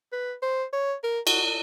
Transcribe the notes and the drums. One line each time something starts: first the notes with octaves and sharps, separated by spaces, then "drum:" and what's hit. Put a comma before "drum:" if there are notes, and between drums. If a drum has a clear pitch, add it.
B4
C5
C#5
A#4
F#4, drum: cymbal